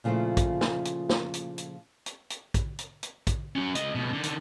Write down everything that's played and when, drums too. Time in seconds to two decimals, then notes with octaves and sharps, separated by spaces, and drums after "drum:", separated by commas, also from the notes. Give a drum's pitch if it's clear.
0.04 A#2 C#3 F3 A3 E4 F4
0.37 drum: kick, hi-hat
0.61 drum: snare
0.85 drum: hi-hat
1.09 drum: snare
1.34 drum: hi-hat
1.58 drum: hi-hat
2.06 drum: hi-hat
2.30 drum: hi-hat
2.54 drum: kick, hi-hat
2.79 drum: hi-hat
3.03 drum: hi-hat
3.27 drum: kick, hi-hat
3.56 C#4 F#4
3.75 C#2 D#5, drum: hi-hat
3.95 C#2 B2
4.13 D3 D#3
4.23 drum: hi-hat